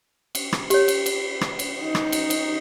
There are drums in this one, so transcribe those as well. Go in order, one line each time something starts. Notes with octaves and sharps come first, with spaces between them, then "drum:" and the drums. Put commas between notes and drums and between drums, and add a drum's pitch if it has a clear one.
drum: cymbal
drum: rim click
G4 C#5, drum: cymbal
drum: cymbal
drum: cymbal
drum: rim click
drum: cymbal
D#4
drum: rim click
drum: cymbal
drum: cymbal